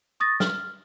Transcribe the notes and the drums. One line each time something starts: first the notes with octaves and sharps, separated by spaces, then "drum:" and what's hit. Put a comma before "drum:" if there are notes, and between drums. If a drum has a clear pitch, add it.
C#6 D#6 A6 A#6
F6, drum: snare